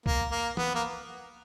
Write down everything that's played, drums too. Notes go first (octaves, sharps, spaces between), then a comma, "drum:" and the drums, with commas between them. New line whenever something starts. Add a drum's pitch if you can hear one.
A#3, drum: kick C2
A#3
B3, drum: tom
A#3